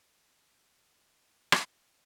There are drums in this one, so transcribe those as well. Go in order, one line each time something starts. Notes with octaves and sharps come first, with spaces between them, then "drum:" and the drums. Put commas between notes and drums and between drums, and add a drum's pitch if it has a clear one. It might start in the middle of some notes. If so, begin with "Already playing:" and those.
Already playing: C5
C#5
drum: rim click